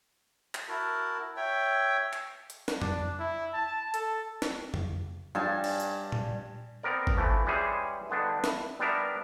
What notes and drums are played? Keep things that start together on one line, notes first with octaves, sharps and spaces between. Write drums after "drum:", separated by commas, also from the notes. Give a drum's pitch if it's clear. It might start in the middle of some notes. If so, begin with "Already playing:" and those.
drum: clap
E4 F#4 A#4 A5
C#5 E5 G5
drum: clap
drum: hi-hat
drum: snare
D4, drum: tom F2
E4
A5
A4, drum: hi-hat
drum: snare
drum: tom F2
G2 G#5 A5
drum: cymbal
drum: tambourine
drum: tom A#2
B3 C4 A#4 D5
drum: kick G1
E3 F3 A3
E3 G3 G#3 C#4 G#4 C5
G2 D3 B3 D4 D#4
E4, drum: snare
G3 B3 D4 A#4 E5